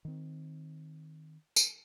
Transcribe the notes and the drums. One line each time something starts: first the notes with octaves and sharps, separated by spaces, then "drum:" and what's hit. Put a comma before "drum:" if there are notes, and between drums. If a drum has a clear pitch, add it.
D#3 C4
drum: tambourine